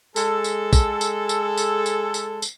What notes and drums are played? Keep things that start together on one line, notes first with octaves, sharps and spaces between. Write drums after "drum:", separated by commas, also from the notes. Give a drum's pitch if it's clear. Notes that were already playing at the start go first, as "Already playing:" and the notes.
G#3 G#4 A4, drum: tambourine
drum: tambourine
drum: kick, tambourine
drum: tambourine
drum: tambourine
drum: tambourine
drum: tambourine
drum: tambourine
drum: tambourine